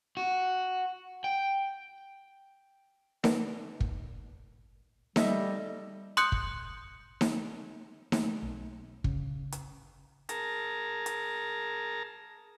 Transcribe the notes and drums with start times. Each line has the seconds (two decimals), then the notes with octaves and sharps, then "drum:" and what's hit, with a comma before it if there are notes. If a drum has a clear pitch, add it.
0.17 F#4
1.24 G5
3.24 A#3 B3 D4, drum: snare D#4
3.80 drum: kick
5.16 G3 A4 D#5 E5, drum: snare D#4
6.17 C6 D#6 F#6 G6 C#7, drum: hi-hat
6.32 drum: kick
7.21 drum: snare D#4
8.12 A3, drum: snare D#4
8.42 B1
9.04 C#3, drum: kick
9.52 drum: hi-hat
10.29 G#4 A#4 A5 A#5, drum: hi-hat
11.06 drum: hi-hat